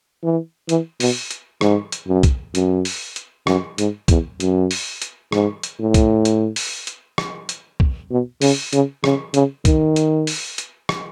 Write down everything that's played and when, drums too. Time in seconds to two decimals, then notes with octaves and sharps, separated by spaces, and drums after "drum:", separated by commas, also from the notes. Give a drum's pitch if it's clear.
0.23 E3
0.69 E3, drum: hi-hat
1.00 B2, drum: open hi-hat
1.31 drum: hi-hat
1.61 G#2, drum: rim click
1.92 drum: hi-hat
2.08 F#2
2.23 drum: kick B1, hi-hat
2.55 F#2, drum: hi-hat
2.85 drum: open hi-hat
3.16 drum: hi-hat
3.47 F#2, drum: rim click
3.78 G#2, drum: hi-hat
4.08 E2, drum: kick B1, hi-hat
4.40 F#2, drum: hi-hat
4.71 drum: open hi-hat
5.02 drum: hi-hat
5.32 G#2, drum: rim click
5.63 drum: hi-hat
5.79 A2
5.94 drum: kick B1, hi-hat
6.25 drum: hi-hat
6.56 drum: open hi-hat
6.87 drum: hi-hat
7.18 drum: rim click
7.49 drum: hi-hat
7.80 drum: kick B1
8.11 B2
8.42 C#3, drum: open hi-hat
8.73 C#3, drum: hi-hat
9.04 C#3, drum: rim click
9.34 C#3, drum: hi-hat
9.65 D#3, drum: kick B1, hi-hat
9.96 drum: hi-hat
10.27 drum: open hi-hat
10.58 drum: hi-hat
10.89 drum: rim click